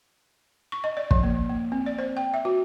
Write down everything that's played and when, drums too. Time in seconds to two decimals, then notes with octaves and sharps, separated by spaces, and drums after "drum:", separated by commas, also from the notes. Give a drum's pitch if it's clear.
0.72 C#6
0.84 D#5
0.97 D5
1.11 F3, drum: kick
1.23 A#3
1.49 A#3
1.72 C4
1.86 D5
1.98 C5
2.17 G5
2.34 E5
2.45 F#4